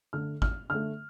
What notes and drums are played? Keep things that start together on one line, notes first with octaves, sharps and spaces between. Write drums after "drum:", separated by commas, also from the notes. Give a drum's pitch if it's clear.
D3 A3 F6
F6, drum: kick
D3 A3 F6